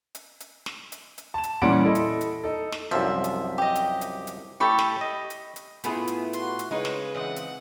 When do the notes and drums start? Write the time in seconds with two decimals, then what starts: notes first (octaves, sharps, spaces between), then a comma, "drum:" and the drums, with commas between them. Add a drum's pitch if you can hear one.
0.15 drum: hi-hat
0.40 drum: hi-hat
0.66 drum: snare
0.92 drum: hi-hat
1.18 drum: hi-hat
1.34 A5 E7
1.43 drum: hi-hat
1.62 A#2 E3 G3 C#4 F#5 D7
1.83 E4 A4 D#5
1.95 drum: hi-hat
2.21 drum: hi-hat
2.44 D#4 A4
2.72 drum: snare
2.91 C2 F#2 F3 E5
3.24 drum: hi-hat
3.58 G4 D#5
3.75 drum: hi-hat
4.01 drum: hi-hat
4.27 drum: hi-hat
4.60 A2 G4 A4 B5 C#6
4.79 drum: snare
5.01 D#5
5.30 drum: hi-hat
5.56 drum: hi-hat
5.84 A2 A3 B3 E4 F4 G#4, drum: hi-hat
6.07 drum: hi-hat
6.33 F#4 C6, drum: hi-hat
6.59 drum: hi-hat
6.71 C#3 G#3 D#4 B4 C#5
6.85 drum: snare
7.14 E3 C4 D#5 F#5
7.36 drum: hi-hat